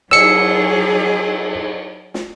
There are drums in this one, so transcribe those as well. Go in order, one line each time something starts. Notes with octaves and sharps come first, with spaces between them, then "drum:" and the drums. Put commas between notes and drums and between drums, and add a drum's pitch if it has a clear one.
F#3 G#4 E6 C#7, drum: cymbal
drum: snare